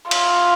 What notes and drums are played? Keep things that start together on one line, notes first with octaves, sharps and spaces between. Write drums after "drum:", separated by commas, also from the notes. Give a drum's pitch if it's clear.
F4, drum: cymbal